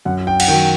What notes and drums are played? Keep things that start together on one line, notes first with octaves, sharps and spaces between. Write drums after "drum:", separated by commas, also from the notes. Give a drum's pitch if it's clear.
F#2 F#5
G5
F#5, drum: cymbal
D#3 F#3 G5